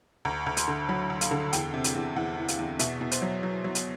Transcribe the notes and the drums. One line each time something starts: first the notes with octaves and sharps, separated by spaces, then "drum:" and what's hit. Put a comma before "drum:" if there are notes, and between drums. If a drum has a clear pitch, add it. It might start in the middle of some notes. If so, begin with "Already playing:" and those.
D2 A#5
D2
C6, drum: hi-hat
D3
F#3 B5
D2
F5, drum: hi-hat
D3
E2 G5, drum: hi-hat
C3
drum: hi-hat
E2
E2 F#5
E3
F5, drum: hi-hat
E2
B2 E5, drum: hi-hat
B2
C5, drum: hi-hat
F#3
F#3
F#3
drum: hi-hat